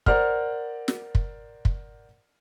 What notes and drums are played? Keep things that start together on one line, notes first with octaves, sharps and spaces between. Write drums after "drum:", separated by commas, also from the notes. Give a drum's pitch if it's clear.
A#4 C5 D5 F#5 F6, drum: kick
drum: snare
drum: kick
drum: kick